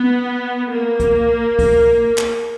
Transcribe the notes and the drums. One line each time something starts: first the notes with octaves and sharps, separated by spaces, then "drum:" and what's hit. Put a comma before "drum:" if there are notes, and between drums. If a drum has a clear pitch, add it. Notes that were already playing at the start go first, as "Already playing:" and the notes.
Already playing: B3
A#3
drum: kick, hi-hat
drum: kick, open hi-hat
drum: clap